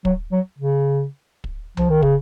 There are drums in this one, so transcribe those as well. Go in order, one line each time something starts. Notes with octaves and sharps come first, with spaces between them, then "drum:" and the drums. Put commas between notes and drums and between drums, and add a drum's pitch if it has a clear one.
F#3, drum: kick
F#3
C#3
drum: kick
F3, drum: tom C2
D#3
C#3, drum: kick